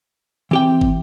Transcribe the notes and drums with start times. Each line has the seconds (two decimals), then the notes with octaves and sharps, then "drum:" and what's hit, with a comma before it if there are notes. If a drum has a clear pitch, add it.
0.51 E3 C4 G4 G5
0.81 drum: kick